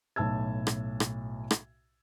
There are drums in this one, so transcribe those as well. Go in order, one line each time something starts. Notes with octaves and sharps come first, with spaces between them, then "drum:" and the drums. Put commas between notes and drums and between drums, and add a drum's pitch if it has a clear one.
B1 A2 A5 E6 G#6
drum: rim click
drum: rim click
drum: rim click